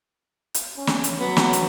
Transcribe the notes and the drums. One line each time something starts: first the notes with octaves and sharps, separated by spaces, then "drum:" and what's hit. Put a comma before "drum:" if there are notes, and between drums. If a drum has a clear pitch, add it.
drum: hi-hat
C#4
drum: snare
drum: hi-hat
F#3 B3
drum: snare
drum: hi-hat